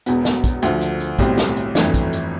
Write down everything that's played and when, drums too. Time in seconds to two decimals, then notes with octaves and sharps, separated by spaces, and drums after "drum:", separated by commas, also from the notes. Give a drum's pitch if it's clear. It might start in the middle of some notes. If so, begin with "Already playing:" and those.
0.06 E1 E2 B2 B3, drum: hi-hat
0.25 drum: snare
0.44 drum: kick, hi-hat
0.62 D2 D3 F3, drum: hi-hat
0.81 drum: hi-hat
1.00 drum: hi-hat
1.19 B1 A2 G3 C4, drum: kick, hi-hat
1.38 drum: snare
1.56 drum: hi-hat
1.75 G1 F2 E3 A3 D4, drum: snare
1.94 drum: kick, hi-hat
2.13 drum: hi-hat